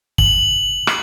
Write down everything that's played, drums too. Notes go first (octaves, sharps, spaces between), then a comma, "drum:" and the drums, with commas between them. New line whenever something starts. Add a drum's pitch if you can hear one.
F#7, drum: kick
drum: rim click